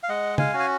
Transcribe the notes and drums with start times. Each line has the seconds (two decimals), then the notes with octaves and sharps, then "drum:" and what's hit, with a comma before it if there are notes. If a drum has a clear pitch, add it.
0.03 F5
0.09 G#3 D#5 F#5
0.38 F5 G#5, drum: tom
0.54 C#4 F#4
0.60 G#5